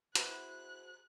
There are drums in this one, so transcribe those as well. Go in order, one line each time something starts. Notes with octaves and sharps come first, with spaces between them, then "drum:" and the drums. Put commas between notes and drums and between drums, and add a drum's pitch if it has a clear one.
B3 E4 F#4 G#4 C5 F#6, drum: hi-hat